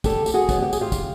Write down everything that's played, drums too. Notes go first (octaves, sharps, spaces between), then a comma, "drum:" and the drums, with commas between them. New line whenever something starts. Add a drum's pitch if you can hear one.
E2 G4 A4, drum: kick, tambourine
G4, drum: tambourine
F#4 G#4
B2 F#3 B3, drum: kick, tambourine
G4
G#4, drum: tambourine
F4 G4
drum: kick, tambourine